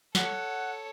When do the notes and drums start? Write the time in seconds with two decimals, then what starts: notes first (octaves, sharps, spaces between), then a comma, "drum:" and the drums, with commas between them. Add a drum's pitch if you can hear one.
0.15 A4 C#5 F#5, drum: snare